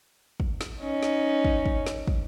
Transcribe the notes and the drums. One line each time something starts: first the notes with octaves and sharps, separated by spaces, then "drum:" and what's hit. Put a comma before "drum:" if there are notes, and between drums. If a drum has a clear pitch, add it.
drum: kick
drum: snare
C#4 D#4
drum: snare
drum: kick
drum: kick
drum: snare
drum: kick